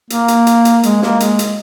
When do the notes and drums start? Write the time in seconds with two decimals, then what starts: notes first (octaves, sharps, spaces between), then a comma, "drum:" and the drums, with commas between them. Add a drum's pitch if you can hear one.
0.10 A#3, drum: hi-hat
0.28 drum: hi-hat
0.47 drum: hi-hat
0.65 drum: hi-hat
0.83 G#3, drum: hi-hat
1.02 A#3, drum: snare
1.20 G#3, drum: hi-hat
1.39 drum: hi-hat